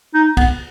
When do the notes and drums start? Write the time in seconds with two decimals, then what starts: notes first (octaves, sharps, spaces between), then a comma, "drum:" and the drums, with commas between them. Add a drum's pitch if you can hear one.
0.14 D#4
0.37 B3, drum: kick, cymbal